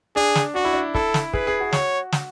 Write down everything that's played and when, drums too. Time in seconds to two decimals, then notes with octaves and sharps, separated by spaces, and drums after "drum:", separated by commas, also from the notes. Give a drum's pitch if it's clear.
0.16 D4 G#4
0.35 drum: snare
0.55 D4 F#4
0.65 E4
0.73 D4
0.95 E4 A4, drum: kick
1.14 drum: snare
1.33 G#4 B4, drum: kick
1.47 G#4
1.60 F#4
1.73 C#5, drum: snare
2.12 drum: snare